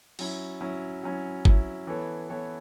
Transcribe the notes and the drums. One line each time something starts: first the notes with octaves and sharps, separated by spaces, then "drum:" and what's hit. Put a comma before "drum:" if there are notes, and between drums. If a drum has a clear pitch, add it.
F#3 C#4 E4, drum: cymbal
F#3 C#4 E4
F#3 C#4 E4
F#3 C#4 E4, drum: kick
E3 B3 A4 C#5
E3 B3 A4 C#5